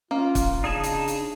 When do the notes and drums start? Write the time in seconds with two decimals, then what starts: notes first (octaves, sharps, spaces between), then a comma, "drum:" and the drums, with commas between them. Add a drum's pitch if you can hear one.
0.11 A#3 C#4 F4
0.35 drum: kick, hi-hat
0.64 C#3 D4 D#4 G#4 A5
0.83 drum: hi-hat
1.08 drum: hi-hat